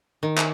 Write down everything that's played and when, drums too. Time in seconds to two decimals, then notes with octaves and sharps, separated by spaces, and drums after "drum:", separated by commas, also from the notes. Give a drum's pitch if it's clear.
0.23 D#3
0.38 drum: clap